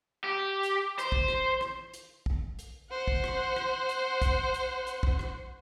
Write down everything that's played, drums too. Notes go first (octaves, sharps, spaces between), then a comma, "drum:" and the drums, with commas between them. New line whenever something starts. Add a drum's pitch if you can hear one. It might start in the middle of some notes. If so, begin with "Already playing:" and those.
G4
drum: hi-hat
C5, drum: hi-hat
drum: kick
drum: rim click
drum: rim click
drum: hi-hat
drum: kick
drum: hi-hat
C5 F#5
drum: kick
drum: rim click
drum: rim click
drum: hi-hat
drum: kick, hi-hat
drum: hi-hat
drum: hi-hat
drum: kick
drum: rim click